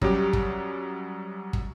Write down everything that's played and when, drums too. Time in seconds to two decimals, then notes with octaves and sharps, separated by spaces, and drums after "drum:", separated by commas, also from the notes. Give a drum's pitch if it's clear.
0.01 F#2 F#3 G3 G4, drum: kick
0.33 drum: kick
1.53 drum: kick